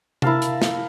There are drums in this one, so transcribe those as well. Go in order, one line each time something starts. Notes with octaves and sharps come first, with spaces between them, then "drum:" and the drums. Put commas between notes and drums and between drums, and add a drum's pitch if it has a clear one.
E4 A#4 F5 A5, drum: tom C3
drum: hi-hat
drum: snare